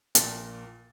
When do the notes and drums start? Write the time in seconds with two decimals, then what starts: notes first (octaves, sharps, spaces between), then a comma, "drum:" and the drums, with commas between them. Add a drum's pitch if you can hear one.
0.15 A#1 A#2 A5 A6, drum: hi-hat